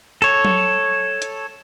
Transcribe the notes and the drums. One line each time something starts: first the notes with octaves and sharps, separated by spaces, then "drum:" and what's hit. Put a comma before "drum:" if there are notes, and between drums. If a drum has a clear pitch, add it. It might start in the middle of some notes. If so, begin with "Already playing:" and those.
A4 C#5
drum: tom F#3
drum: hi-hat